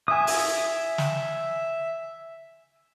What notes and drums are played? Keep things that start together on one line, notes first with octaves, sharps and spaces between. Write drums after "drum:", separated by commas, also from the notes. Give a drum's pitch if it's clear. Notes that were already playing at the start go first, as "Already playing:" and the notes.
E5 G#5 D#6
drum: open hi-hat
drum: snare